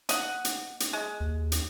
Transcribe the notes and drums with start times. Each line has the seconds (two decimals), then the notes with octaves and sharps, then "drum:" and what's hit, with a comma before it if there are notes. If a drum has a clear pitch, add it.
0.09 D#5 F#5, drum: hi-hat
0.45 drum: hi-hat
0.80 drum: hi-hat
0.93 G#3
1.20 D#2
1.52 drum: hi-hat